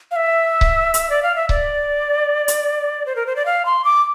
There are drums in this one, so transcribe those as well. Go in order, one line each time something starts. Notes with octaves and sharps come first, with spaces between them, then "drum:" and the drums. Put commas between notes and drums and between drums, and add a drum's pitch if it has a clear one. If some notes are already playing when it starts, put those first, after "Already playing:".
F5
E5
drum: kick C#1
drum: hi-hat
D5
F5
E5
D5, drum: kick C#1
drum: hi-hat
C5
A#4
C5
D5
F5
C6
D6